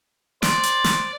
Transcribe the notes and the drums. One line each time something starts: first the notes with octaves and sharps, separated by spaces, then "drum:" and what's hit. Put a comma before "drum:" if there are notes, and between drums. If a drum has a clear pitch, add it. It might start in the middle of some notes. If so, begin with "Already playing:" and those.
C5 D5, drum: snare
drum: hi-hat
drum: snare